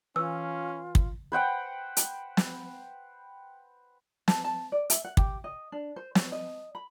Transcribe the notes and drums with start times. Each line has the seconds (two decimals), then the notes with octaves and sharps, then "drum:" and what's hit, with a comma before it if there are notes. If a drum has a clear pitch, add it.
0.16 E3 C#4 F4 E6
0.95 drum: kick
1.32 B4 C5 F#5 G5
1.97 drum: hi-hat
2.37 drum: snare
4.28 A5, drum: snare
4.44 A5
4.72 D5
4.90 E5, drum: hi-hat
5.05 F#5
5.17 G4, drum: kick
5.44 D#5
5.72 D4
5.96 C5
6.15 C#5, drum: snare
6.32 D#5
6.75 B5